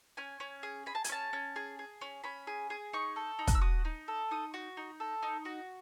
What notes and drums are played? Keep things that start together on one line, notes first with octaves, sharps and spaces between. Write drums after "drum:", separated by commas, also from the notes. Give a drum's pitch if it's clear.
C#4 G#5
C#4
G#4
G#4 B5
A5
G#5, drum: hi-hat
C#4 A5
C#4
G#4
G#4
C#4
C#4 B5
G#4
G#4
D#4 C#6
A4
D#4
F#6, drum: kick, hi-hat
E6
F#4 D#6
D#4
A4
D#4 D#6
F#4
D#4
A4
D#4
F#4